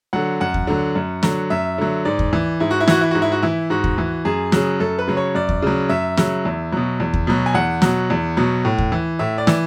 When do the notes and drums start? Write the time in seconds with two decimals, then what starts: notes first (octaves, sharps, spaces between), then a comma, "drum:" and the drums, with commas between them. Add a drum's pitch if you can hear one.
0.13 D3 F#3 F#5
0.41 F#2 F#5
0.54 drum: kick D#2
0.67 D3 F#3
0.95 F#2
1.23 D3 F#3, drum: snare
1.50 F#2 E5
1.78 D3 F#3
2.05 G#2 D5
2.19 drum: kick D#2
2.33 E3
2.60 G#2 E4
2.71 F#4
2.80 E4
2.88 E3 F#4, drum: snare
3.01 E4
3.11 G#2 F#4
3.22 E4
3.32 F#4
3.42 E3 E4
3.70 G#2 F#4
3.84 drum: kick D#2
3.98 E3
4.25 F#2 G#4
4.52 C#3 F#3, drum: snare
4.80 F#2 A4
4.99 B4
5.07 C#3 F#3
5.17 C#5
5.35 F#2 D5
5.49 drum: kick D#2
5.62 C#3 F#3
5.89 F#2 E5
6.17 C#3 F#3, drum: snare
6.45 E2
6.72 B2 F#3
7.00 E2
7.14 drum: kick D#2
7.27 B2 F#3
7.46 G#5
7.54 E2 F#5
7.82 B2 F#3, drum: snare
8.10 E2
8.37 B2 F#3
8.65 A2
8.78 drum: kick D#2
8.92 E3
9.19 A2 E5
9.38 D5
9.47 E3, drum: snare